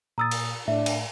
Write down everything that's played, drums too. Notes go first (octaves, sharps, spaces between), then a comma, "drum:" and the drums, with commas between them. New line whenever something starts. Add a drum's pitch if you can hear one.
A#2 A#5 D#6 E6 A6
drum: cymbal
A2 D4 E5
drum: cymbal